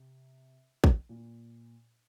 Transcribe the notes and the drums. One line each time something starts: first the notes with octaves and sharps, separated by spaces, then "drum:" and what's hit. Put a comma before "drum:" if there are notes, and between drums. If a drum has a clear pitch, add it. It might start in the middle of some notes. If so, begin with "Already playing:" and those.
Already playing: C3
drum: kick
A#2